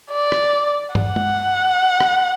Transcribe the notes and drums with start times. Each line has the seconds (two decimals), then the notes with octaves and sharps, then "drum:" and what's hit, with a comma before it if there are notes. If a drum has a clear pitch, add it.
0.11 D5
0.32 drum: rim click
0.95 F#5, drum: tom
1.16 drum: tom
2.00 drum: rim click